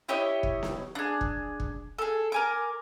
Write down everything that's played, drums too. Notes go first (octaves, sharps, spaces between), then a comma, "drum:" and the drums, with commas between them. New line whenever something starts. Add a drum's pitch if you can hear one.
E4 G4 C#5 D#5
drum: kick
drum: snare B3
D4 G#4
drum: kick
drum: kick
G#4 A4
A#4 G#5 D6